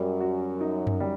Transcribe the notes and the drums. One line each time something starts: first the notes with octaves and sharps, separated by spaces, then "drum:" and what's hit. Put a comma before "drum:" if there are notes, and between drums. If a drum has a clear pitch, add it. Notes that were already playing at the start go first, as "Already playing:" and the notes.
Already playing: F#2 G3
F#4
D#4
drum: tom F#2
G3